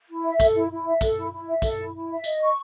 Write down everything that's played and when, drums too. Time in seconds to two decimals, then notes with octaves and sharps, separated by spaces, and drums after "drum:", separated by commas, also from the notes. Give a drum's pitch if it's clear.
0.09 E4
0.24 E5
0.40 A4, drum: kick, tambourine
0.54 E4
0.71 E4
0.85 E5
1.01 A4, drum: kick, tambourine
1.16 E4
1.32 E4
1.47 E5
1.62 A4, drum: kick, tambourine
1.78 E4
1.94 E4
2.09 E5
2.24 D#5, drum: tambourine
2.40 C#6